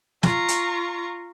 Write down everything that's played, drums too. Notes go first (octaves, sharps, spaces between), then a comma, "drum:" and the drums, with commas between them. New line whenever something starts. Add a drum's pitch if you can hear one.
F4 A#5 C#6, drum: snare
drum: hi-hat